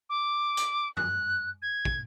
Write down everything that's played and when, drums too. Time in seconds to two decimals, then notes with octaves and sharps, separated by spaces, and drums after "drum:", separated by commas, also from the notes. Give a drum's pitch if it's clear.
0.09 D6
0.57 drum: hi-hat
0.97 F#6, drum: tom F#2
1.62 G#6
1.85 drum: kick